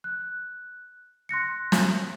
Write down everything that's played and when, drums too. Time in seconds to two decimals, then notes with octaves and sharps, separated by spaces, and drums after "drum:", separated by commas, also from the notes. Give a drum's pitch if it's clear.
0.04 F#6
1.29 C6 F#6 A#6 C#7
1.72 drum: snare